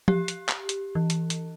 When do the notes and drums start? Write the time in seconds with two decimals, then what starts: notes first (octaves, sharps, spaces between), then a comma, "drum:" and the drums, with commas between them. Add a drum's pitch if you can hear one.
0.08 G4, drum: tom F3
0.28 drum: hi-hat
0.49 drum: clap
0.69 drum: hi-hat
0.95 E3
1.10 drum: hi-hat
1.30 drum: hi-hat